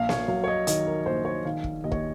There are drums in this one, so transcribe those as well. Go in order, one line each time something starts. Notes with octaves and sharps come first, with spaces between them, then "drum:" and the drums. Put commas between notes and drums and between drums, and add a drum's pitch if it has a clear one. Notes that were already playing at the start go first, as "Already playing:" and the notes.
Already playing: A#1 F5
C#5, drum: snare A#3
F#3 F5
C#5
D#5
D#3 D#5, drum: hi-hat
A#4
A#1 C5
C#5
D#3 F5
drum: kick
D#2 D#5
C#5, drum: kick